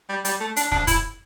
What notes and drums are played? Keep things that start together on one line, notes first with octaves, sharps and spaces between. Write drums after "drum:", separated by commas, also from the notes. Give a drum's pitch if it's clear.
G3
G3, drum: hi-hat
A3
D4, drum: hi-hat
D4, drum: snare
E4, drum: kick, hi-hat